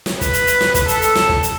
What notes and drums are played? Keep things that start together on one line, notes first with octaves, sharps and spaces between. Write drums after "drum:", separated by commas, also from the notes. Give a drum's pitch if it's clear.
drum: snare
B4, drum: kick, hi-hat
drum: hi-hat
drum: hi-hat
drum: snare
drum: kick, hi-hat
A4, drum: hi-hat
drum: hi-hat
drum: snare
drum: kick
drum: hi-hat